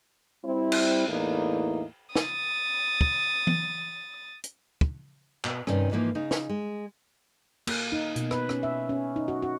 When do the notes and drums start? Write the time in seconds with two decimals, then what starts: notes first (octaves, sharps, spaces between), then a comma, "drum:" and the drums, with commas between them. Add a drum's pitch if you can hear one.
0.44 G3 C4 E4
0.72 drum: cymbal
1.07 E2 A2 E3 A#3 D#4 E4
2.15 D#6 A6, drum: snare
3.01 drum: kick
3.47 drum: tom E3
4.44 drum: hi-hat
4.81 drum: kick
5.44 B2, drum: clap
5.67 G2 C3 D#3 C#4, drum: rim click
5.91 G#2 E3 F3 A#3 D#4
6.15 C#3 D#4
6.31 drum: snare
6.49 G#3
7.67 A#3, drum: cymbal
7.92 D#4
8.16 B2, drum: hi-hat
8.31 B4, drum: rim click
8.49 C#4, drum: rim click
8.63 E5
8.89 C#4
9.16 D#4
9.28 F#4
9.42 F#4